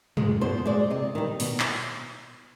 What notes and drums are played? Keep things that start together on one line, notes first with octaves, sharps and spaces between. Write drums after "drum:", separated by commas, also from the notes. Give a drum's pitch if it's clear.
G#3, drum: tom
B2 C5
G#3 D5
C3 D#5
D#3 G3
B2, drum: open hi-hat
drum: clap